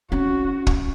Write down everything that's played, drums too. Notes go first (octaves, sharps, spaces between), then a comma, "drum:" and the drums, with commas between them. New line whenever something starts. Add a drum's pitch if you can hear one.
C#4 F#4
drum: kick